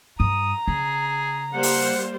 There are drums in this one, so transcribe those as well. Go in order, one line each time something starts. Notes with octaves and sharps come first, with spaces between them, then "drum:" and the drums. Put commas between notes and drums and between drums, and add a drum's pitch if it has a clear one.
G2 A#5 D#6
C#3 G#4
G3 A#3 C5 F#5
drum: open hi-hat